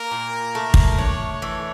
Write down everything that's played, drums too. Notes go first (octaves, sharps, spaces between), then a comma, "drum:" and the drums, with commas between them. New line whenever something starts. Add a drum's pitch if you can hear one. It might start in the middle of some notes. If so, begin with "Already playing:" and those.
Already playing: A#3 A#4
A#2
A3
drum: kick
D4 C#5
E3